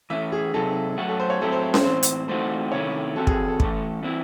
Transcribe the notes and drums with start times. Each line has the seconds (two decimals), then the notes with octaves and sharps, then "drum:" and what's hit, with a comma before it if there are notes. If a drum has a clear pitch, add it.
0.10 E3 A3 C#4 E5
0.32 G#4
0.54 C3 F#3 C4 D#4 A4
0.97 F#3 A3 C#4 F#4
1.09 A4
1.20 C5
1.30 C#5
1.41 A2 F#3 C4 E4 A4
1.52 C5
1.63 C5
1.74 C5, drum: snare C#4
1.85 A2 E3 C4 C5
2.03 drum: hi-hat
2.28 E3 A3 C4 D#4 F#4 C5
2.72 C3 D#3 A3 C#4 E4 C#5
3.16 E3 C4 F#4 A4
3.27 G#4, drum: kick
3.48 A4
3.60 E3 A3 C#4, drum: kick
4.03 E3 C4 E4